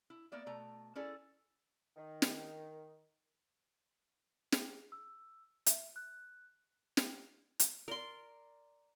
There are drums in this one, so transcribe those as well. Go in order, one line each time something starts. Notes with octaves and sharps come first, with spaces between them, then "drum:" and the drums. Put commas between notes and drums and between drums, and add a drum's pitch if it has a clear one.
E4
A#3 B3 D5 E5
B2 A3 A#5
C#4 E4 G#4 A4 D5
D#3
drum: snare
G#4, drum: snare
E6
E5, drum: hi-hat
F#6
drum: snare
drum: hi-hat
A#4 D5 C6